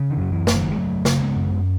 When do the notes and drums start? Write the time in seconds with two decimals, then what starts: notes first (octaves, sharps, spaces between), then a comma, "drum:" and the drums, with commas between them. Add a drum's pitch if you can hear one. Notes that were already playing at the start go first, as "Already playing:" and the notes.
Already playing: C#3
0.10 D#3
0.17 F#2 F#3
0.32 E3
0.47 F#1, drum: snare
0.53 D#3 F#3
0.71 G#3
0.76 F#1 F#3 A3
1.05 C#3, drum: snare
1.20 G#3 B3
1.36 F#2